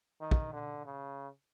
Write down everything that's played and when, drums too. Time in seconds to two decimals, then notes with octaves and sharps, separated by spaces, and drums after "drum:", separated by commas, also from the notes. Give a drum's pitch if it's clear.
0.21 D#3
0.31 drum: kick
0.53 D3
0.85 C#3